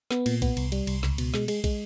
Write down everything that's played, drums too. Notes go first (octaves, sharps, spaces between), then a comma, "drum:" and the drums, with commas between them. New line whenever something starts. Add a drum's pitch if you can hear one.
B3, drum: snare
A#2, drum: cymbal
B3, drum: kick, cymbal
C2, drum: cymbal
G3, drum: cymbal
C2, drum: cymbal
C#2, drum: snare
B2, drum: cymbal
G#3, drum: snare
G#3, drum: cymbal
G#3, drum: kick, cymbal